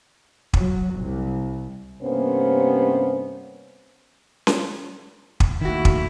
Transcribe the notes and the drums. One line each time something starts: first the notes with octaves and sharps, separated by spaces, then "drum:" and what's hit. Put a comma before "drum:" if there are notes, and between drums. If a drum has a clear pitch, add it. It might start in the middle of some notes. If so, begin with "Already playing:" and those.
F#3, drum: kick
C2
G2 C3 A#3 B3 C#4 C5
drum: snare C#4
drum: kick
D#3 A3 A#3 E4 F#4
drum: kick